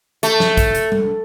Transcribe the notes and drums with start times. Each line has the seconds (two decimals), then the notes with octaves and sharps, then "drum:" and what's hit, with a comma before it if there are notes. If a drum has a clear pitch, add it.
0.23 A3, drum: hi-hat
0.40 drum: snare
0.57 drum: kick, hi-hat
0.75 drum: hi-hat
0.92 drum: tom G3